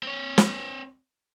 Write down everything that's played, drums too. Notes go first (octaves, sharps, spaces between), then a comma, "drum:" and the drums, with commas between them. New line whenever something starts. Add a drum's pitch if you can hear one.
C4 C#5
drum: snare